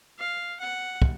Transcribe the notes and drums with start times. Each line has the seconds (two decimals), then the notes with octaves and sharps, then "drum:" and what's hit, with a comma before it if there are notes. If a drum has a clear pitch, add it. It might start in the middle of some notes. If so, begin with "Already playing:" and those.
0.19 F5
0.60 F#5
1.02 drum: kick